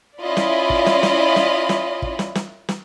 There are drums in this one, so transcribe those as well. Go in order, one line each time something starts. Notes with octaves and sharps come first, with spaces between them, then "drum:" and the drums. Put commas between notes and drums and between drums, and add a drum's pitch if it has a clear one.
C#4 E4 F4 D5 D#5 B5
drum: snare
drum: kick
drum: snare
drum: snare
drum: snare
drum: snare
drum: kick
drum: snare
drum: snare
drum: snare